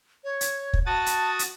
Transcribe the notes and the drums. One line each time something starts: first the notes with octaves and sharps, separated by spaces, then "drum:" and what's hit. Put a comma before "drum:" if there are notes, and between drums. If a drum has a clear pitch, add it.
C#5
drum: hi-hat
drum: kick
F#4 A5 D#6 A6
drum: hi-hat
drum: hi-hat